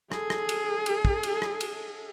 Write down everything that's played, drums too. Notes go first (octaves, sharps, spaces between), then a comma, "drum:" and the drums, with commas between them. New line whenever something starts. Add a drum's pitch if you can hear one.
G#4 A4, drum: rim click
drum: rim click
drum: cymbal
drum: cymbal
drum: kick
drum: cymbal
drum: rim click
drum: cymbal